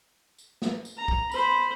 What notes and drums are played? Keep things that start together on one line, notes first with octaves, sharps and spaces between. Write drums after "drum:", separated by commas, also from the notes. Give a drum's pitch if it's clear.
drum: tambourine
drum: snare
drum: tambourine
A#5
drum: kick
C5 B5, drum: tambourine